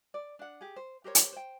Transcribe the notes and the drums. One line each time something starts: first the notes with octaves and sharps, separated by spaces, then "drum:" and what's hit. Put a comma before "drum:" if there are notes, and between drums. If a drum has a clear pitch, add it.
D5
D4 F#5
G4 G#4
C5
G4 A#4 C5 C#5
drum: hi-hat
C5 G5